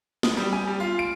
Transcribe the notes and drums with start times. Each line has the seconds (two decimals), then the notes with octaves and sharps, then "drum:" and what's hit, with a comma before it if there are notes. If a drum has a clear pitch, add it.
0.23 D#6, drum: snare
0.37 G3
0.53 G#5
0.67 G3
0.80 F4
0.99 D7